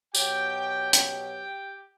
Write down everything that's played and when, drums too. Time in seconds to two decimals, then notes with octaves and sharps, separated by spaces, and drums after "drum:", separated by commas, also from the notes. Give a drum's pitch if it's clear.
0.15 B2 F#3 G4 G5, drum: tambourine
0.93 G4 G5, drum: hi-hat